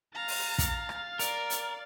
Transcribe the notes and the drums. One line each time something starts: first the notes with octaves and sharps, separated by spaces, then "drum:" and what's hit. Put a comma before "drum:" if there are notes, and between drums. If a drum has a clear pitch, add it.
F5 A#5 A6
drum: open hi-hat
drum: kick, hi-hat
drum: rim click
A#4 D5, drum: hi-hat
drum: hi-hat